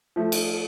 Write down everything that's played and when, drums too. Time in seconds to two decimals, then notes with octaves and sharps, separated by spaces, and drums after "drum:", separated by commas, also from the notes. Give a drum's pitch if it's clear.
0.16 F3 A3
0.32 drum: cymbal